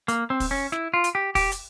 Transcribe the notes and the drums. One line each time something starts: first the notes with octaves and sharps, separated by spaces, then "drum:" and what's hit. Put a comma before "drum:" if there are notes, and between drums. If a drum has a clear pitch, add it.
A#3, drum: hi-hat
C4
drum: kick, open hi-hat
C#4
E4, drum: snare
F4
drum: hi-hat
G4
G4, drum: kick, open hi-hat
drum: hi-hat